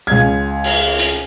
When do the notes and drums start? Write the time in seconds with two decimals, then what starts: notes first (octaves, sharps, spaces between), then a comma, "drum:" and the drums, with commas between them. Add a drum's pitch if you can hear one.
0.07 C#2 G#6
0.64 drum: open hi-hat
0.99 drum: hi-hat